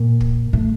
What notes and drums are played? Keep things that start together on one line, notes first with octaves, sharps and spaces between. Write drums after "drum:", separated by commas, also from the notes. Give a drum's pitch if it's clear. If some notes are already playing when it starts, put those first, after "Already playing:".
Already playing: A#2
drum: kick
A2